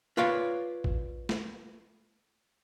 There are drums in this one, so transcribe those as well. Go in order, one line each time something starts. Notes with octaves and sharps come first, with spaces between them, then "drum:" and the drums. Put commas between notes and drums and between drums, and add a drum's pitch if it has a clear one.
F4 B4 C#5 D5 F5
drum: kick A1
drum: snare